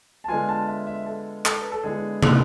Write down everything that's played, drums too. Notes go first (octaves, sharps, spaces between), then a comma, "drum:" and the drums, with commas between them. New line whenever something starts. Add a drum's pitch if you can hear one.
A5
D3 G#3 B3 F4 G#5
A5
E5
E5
A4
A4, drum: clap
B4
A4
D3 G#3 B3 E4 G#4
A4, drum: tom